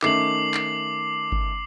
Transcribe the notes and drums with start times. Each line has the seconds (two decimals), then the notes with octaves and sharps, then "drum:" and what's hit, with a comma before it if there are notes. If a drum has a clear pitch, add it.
0.02 D#3 A3 C#4 D6 C7 F#7, drum: clap
0.54 drum: clap
1.32 drum: kick G1